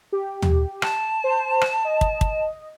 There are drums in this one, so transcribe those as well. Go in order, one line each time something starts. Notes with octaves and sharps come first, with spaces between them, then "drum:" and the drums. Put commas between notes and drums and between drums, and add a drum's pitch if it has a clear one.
G4
drum: tom
A5, drum: rim click
C5
drum: rim click
D#5
drum: kick
drum: kick